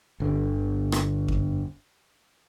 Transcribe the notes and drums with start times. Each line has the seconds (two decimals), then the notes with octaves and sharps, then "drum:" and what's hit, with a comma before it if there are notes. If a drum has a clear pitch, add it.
0.20 G1 D3
0.92 drum: rim click
1.28 drum: kick F2